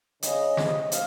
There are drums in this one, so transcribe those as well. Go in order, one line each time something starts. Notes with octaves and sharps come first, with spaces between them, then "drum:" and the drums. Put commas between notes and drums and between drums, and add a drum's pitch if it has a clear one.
C#3 D#5, drum: hi-hat
C3, drum: snare
F5, drum: hi-hat